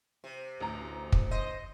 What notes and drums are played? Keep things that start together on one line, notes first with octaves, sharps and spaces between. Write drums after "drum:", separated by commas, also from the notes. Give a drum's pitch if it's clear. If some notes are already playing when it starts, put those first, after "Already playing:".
C3
A1 D2 A#5
drum: kick
C5 D#5